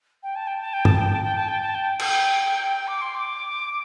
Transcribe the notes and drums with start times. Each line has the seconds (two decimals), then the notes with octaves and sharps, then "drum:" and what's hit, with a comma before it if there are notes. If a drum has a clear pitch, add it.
0.23 G5
0.35 A5
0.47 G5
0.60 A5
0.73 G5
0.85 A5, drum: tom
0.98 G5
1.11 A5
1.23 G5
1.35 A5
1.48 G5
1.61 A5
1.74 G5
1.99 G5, drum: cymbal
2.87 D6
3.01 C6
3.15 D6